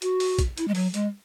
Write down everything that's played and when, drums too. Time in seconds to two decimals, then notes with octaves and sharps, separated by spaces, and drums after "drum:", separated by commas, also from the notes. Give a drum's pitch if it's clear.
0.02 F#4, drum: hi-hat
0.20 drum: open hi-hat
0.39 drum: kick A#1, hi-hat
0.58 E4, drum: hi-hat
0.68 G#3
0.75 F#3, drum: open hi-hat
0.94 G#3, drum: hi-hat